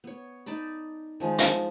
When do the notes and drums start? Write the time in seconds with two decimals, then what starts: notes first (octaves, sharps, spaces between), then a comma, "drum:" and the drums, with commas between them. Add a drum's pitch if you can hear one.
0.04 B3 C#5
0.46 D#4 D5 A5 B5
1.20 D#3 F3 G#3 D#4
1.38 F3, drum: hi-hat